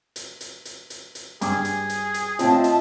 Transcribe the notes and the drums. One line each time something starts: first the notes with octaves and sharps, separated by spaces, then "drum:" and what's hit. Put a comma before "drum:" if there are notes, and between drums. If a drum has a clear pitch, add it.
drum: hi-hat
drum: hi-hat
drum: hi-hat
drum: hi-hat
drum: hi-hat
G2 G#4 G#5 D6, drum: hi-hat
drum: hi-hat
drum: hi-hat
drum: hi-hat
A2 C4 F4 D#5 E5 A5, drum: hi-hat
drum: hi-hat